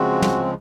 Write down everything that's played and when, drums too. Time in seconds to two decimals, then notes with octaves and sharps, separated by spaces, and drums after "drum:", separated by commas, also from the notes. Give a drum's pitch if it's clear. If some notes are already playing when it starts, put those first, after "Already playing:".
Already playing: C#3 F3 G#3 C4 F#4
0.22 drum: tom